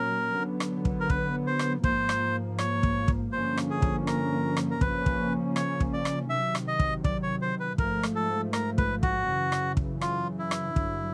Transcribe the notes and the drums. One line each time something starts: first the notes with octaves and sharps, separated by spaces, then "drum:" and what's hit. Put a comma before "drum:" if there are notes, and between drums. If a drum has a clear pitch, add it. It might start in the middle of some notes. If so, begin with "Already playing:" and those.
Already playing: A#2 F#3 A#3 C#4 A#4
D3 F#3 B3
drum: rim click
drum: kick
A#4
B4, drum: kick
C5
drum: rim click
G#2 F3 A#3 C5, drum: kick
drum: rim click
C#5, drum: rim click
drum: kick
drum: kick
G2 D3 F3 A#3 C#4 C5
drum: rim click
G#4
drum: kick
A#4, drum: rim click
drum: rim click
A#4
C#3 F3 A#3 C#4 B4, drum: kick
drum: kick
C#5, drum: rim click
drum: kick
D5
drum: rim click
C3 D#3 F#3 E5
drum: rim click
D#5
drum: kick
D5, drum: kick
C#5
C5
B4
G#2 F3 A3 A#4, drum: kick
drum: rim click
A4
A#4, drum: rim click
B4, drum: kick
F#4, drum: kick
F#2 C#3 E3
drum: rim click
drum: kick
F4, drum: rim click
E4
drum: rim click
G2 D3 F#3, drum: kick